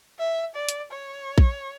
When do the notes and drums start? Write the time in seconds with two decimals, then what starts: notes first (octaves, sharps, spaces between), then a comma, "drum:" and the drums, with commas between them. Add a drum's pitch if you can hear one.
0.19 E5
0.55 D5
0.69 drum: hi-hat
0.92 C#5
1.38 drum: kick A#1